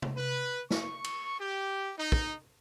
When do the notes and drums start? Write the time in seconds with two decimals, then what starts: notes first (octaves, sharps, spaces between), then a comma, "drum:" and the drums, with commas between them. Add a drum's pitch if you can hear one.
0.02 drum: tom C3
0.16 B4
0.71 C#6, drum: snare
1.04 drum: cymbal
1.40 G4
1.98 D#4
2.12 drum: kick